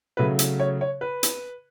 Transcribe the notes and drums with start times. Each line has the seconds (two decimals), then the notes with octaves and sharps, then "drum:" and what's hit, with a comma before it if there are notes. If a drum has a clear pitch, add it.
0.17 C#3 F#3 A3 B4
0.39 drum: hi-hat
0.60 C#5
0.81 C#5
1.01 B4
1.23 drum: hi-hat